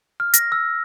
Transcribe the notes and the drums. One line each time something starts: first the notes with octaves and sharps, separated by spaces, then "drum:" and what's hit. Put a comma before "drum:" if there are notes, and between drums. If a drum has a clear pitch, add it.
F6
A#6, drum: hi-hat
E6